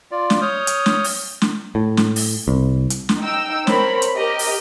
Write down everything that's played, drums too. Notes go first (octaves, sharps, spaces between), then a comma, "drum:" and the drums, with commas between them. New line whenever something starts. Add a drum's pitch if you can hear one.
F4 D5
drum: snare
C#5 D#6 F6 G6
drum: hi-hat
drum: snare
drum: open hi-hat
drum: snare
A2
drum: snare
drum: open hi-hat
C2
drum: hi-hat
drum: snare
D#4 G5 E6
C4 A#4 C#5 B5, drum: snare
drum: hi-hat
G4 A#4 D#5
drum: open hi-hat